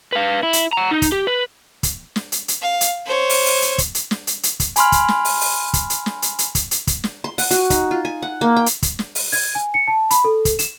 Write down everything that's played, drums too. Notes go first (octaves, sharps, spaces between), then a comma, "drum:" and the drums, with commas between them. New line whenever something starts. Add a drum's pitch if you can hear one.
B4 F5
E4
drum: hi-hat
F#5 A#5
D#4
drum: kick, hi-hat
G4
B4
drum: kick, hi-hat
drum: snare
drum: hi-hat
drum: hi-hat
F5
drum: hi-hat
C5 C#5
drum: open hi-hat
drum: open hi-hat
drum: hi-hat
drum: kick, hi-hat
drum: hi-hat
drum: snare
drum: hi-hat
drum: hi-hat
drum: kick, hi-hat
G#5 B5 C6 F6, drum: hi-hat
drum: kick, hi-hat
drum: snare
drum: open hi-hat
drum: open hi-hat
drum: kick, hi-hat
drum: hi-hat
drum: snare
drum: hi-hat
drum: hi-hat
drum: kick, hi-hat
drum: hi-hat
drum: kick, hi-hat
drum: snare
C6
F#5, drum: open hi-hat
F#4, drum: hi-hat
D#4, drum: kick, hi-hat
F4
G#5
F#5
A#3
G5
drum: hi-hat
drum: kick, hi-hat
drum: snare
drum: open hi-hat
G#6, drum: open hi-hat
G#5
C#7
A5
B5, drum: hi-hat
A4
drum: kick, hi-hat
E7, drum: hi-hat